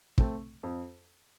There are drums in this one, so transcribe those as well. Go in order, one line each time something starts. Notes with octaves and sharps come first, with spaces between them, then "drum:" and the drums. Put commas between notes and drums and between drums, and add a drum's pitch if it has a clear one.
A3 C4, drum: kick
F2